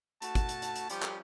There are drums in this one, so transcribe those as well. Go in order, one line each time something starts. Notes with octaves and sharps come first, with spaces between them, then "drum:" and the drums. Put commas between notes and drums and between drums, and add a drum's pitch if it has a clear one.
A3 F#4 A5, drum: hi-hat
drum: kick, hi-hat
drum: hi-hat
drum: hi-hat
drum: hi-hat
F3 G3 C#4 G4, drum: hi-hat
drum: clap